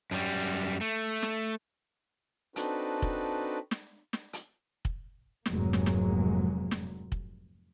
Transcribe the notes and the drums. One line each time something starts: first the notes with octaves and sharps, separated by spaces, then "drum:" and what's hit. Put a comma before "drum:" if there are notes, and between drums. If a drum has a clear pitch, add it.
F#2 G3, drum: hi-hat
A3
drum: snare
C4 D4 D#4 F#4 A4 B4, drum: hi-hat
drum: kick
drum: snare
drum: snare
drum: hi-hat
drum: kick
F1 F2 G#2 F#3 G#3 A#3, drum: snare
drum: snare
drum: snare
drum: snare
drum: kick